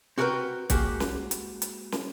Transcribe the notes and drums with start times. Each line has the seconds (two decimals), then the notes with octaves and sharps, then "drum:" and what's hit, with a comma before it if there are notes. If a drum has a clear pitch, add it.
0.18 C4 F#4 G4 A#4 B4 G5
0.70 G#3 A#3 F#4 G4 F#5, drum: kick, hi-hat
1.00 drum: snare
1.31 drum: hi-hat
1.62 drum: hi-hat
1.92 drum: snare